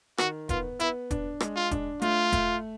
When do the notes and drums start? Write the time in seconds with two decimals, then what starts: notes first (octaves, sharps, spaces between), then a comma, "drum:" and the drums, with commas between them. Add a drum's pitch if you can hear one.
0.18 D#3 F#4, drum: rim click
0.49 B3 F4, drum: kick E1, hi-hat
0.80 B3 E4, drum: hi-hat
1.11 D4, drum: kick E1, hi-hat
1.40 G#3, drum: rim click
1.56 F4
1.71 D4, drum: kick E1, hi-hat
2.02 A3 F4, drum: hi-hat
2.32 A3, drum: kick E1, hi-hat